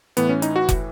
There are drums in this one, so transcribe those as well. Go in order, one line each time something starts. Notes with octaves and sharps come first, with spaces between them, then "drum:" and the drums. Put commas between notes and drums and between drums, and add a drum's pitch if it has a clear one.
A2 E3 B3, drum: hi-hat
C#4
D#4, drum: hi-hat
F#4
drum: kick F1, hi-hat